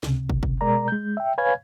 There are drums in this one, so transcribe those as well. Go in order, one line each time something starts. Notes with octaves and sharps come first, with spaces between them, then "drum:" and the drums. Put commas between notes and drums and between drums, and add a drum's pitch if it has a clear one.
C#2 C3, drum: snare
drum: kick
drum: kick
B2 G#3 A#4 D5 A#5
G#3 G6
E5 G5
B4 C#5 F5 G#5 G#6